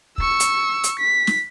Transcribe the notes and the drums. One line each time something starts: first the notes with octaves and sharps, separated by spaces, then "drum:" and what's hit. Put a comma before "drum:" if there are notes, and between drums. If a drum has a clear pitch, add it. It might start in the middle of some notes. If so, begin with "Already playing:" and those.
C#6 E6, drum: kick
drum: hi-hat
drum: hi-hat
B6
drum: snare